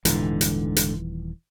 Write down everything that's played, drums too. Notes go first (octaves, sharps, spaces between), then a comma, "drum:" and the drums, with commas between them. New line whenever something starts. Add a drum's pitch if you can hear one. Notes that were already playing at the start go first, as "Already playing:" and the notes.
D#1 G#2 D3 E3, drum: hi-hat
drum: hi-hat
drum: hi-hat